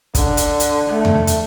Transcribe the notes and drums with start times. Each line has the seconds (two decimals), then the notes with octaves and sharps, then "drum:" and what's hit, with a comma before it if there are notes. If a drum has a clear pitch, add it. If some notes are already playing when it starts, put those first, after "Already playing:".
0.15 D3, drum: kick, hi-hat
0.37 drum: hi-hat
0.60 drum: hi-hat
0.90 A3
1.05 drum: tom E2
1.27 drum: hi-hat